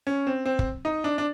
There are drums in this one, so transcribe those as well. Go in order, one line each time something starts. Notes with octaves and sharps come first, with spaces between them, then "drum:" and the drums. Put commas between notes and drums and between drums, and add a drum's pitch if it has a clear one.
C#4
C4
C4
drum: kick
D#4
D4
D4